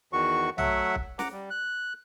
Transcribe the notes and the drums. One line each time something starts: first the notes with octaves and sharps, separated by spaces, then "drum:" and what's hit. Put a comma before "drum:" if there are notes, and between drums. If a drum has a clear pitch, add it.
E2 D#3 F#4 C#6
F#3 A3 E5 F#5, drum: tom
drum: kick
F#5 A#5 D6, drum: snare
G3
F#6